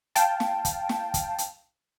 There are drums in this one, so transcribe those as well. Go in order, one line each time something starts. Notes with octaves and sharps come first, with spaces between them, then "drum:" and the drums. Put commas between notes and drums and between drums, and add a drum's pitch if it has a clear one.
F5 G5 A5, drum: hi-hat
drum: snare
drum: kick, hi-hat
drum: snare
drum: kick, hi-hat
drum: hi-hat